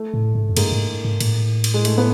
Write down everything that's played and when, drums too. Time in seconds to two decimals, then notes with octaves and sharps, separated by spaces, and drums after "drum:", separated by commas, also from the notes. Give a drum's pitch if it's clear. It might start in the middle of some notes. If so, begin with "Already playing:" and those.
Already playing: A3
0.14 A2
0.35 G#2
0.49 F#2
0.57 G2 G#3 A#3, drum: cymbal
0.72 G#2
1.05 G#2
1.20 A2, drum: cymbal
1.64 drum: cymbal
1.74 G#3
1.85 A3, drum: cymbal
1.98 B3